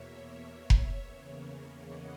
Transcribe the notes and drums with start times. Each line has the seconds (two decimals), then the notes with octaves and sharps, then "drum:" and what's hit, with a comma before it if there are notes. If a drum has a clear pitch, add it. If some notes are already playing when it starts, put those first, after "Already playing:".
Already playing: E2 B2 A#3 C#5 E5
0.70 drum: kick F1
0.98 E2 C#3 E3 A#3 C#4
1.82 D#5 F#5